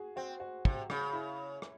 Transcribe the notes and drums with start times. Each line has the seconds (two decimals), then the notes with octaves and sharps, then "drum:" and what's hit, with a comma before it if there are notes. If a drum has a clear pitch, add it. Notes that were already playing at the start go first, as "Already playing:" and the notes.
Already playing: F#4 G#4
0.16 C4 F#4
0.40 F#4
0.65 C3, drum: kick
0.90 C#3, drum: rim click
1.13 E4
1.62 drum: rim click